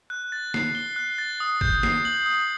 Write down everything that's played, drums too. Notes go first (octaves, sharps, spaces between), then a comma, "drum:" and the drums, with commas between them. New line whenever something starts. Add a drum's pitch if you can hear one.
F#6
A6
C7, drum: snare
G7
F#6
A6
D#6
G6, drum: kick G#1
C7, drum: snare
F#7
D#6